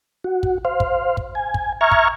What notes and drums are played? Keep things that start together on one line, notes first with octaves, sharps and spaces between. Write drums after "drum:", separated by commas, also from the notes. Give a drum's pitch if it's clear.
F#4
drum: kick
C5 F5
drum: kick
drum: kick
G#5
drum: kick
E5 A#5 C#6 F6 G#6
drum: kick